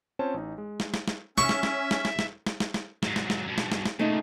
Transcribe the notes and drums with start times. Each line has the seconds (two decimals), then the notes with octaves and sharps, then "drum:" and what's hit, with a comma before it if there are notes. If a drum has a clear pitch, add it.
0.19 C4 C#4 F4 C5 C#5 A5
0.34 A1 D#4
0.58 G#3
0.80 drum: snare
0.94 drum: snare
1.08 drum: snare
1.38 C#4 E5 C#6, drum: snare
1.49 drum: snare
1.63 drum: snare
1.91 drum: snare
2.05 drum: snare
2.19 drum: snare
2.47 drum: snare
2.60 drum: snare
2.74 drum: snare
3.03 G#2 F#3, drum: snare
3.16 drum: snare
3.30 drum: snare
3.47 G2 B2
3.58 drum: snare
3.72 drum: snare
3.85 drum: snare
3.99 A#2 C#3 A3 D#4 E5